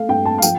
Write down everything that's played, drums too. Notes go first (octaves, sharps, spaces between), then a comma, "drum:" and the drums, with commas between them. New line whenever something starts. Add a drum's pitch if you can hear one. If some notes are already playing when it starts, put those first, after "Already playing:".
Already playing: A3 F5
G2 G5
A5
F5
F3 G5, drum: tambourine